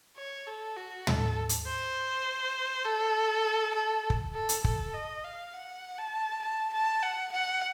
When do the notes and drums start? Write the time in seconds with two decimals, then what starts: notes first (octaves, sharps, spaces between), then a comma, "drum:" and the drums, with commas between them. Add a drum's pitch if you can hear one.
0.17 C#5
0.47 A4
0.77 F#4
1.07 A4, drum: tom
1.49 drum: hi-hat
1.66 C5
2.85 A4
3.75 A4
4.10 drum: kick
4.34 A4
4.49 drum: hi-hat
4.64 A4, drum: kick
4.94 D#5
5.24 F5
5.54 F#5
5.98 A5
6.43 A5
6.73 A5
7.03 F#5
7.32 F#5